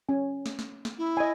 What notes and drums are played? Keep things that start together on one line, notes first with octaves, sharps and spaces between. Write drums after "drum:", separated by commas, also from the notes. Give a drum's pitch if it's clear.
C#4 G#5
drum: snare
drum: snare
drum: snare
E4
D#5 G#5